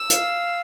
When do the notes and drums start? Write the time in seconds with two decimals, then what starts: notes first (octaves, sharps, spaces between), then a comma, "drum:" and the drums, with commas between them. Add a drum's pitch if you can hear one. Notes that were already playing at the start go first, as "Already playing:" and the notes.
Already playing: E6
0.10 F5, drum: hi-hat